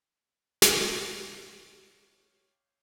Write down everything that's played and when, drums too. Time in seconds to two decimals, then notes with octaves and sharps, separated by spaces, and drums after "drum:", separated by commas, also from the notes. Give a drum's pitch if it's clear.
0.62 F#4 D#5, drum: snare
1.43 D#4 A#4 C#5 F#5 C6
1.87 G4 C#5 F5